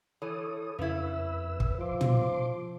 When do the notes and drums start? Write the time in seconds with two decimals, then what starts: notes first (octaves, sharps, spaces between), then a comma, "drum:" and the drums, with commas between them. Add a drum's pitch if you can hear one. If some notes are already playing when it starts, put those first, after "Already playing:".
0.22 E3 A4 C#5 D#6
0.79 F2 C#3 E4 B4 E6
1.60 drum: kick
1.81 F3 C6 D6
2.01 drum: tom